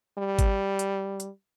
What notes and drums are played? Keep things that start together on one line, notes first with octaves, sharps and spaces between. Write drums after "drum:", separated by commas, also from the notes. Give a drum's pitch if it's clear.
G3
drum: kick G#1, hi-hat
drum: hi-hat
drum: hi-hat